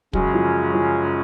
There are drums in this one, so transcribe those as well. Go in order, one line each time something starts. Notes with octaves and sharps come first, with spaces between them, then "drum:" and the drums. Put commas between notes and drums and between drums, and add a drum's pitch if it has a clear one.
F#2 C#3 F#3 G#3 C#4 G#4, drum: kick
F3
F3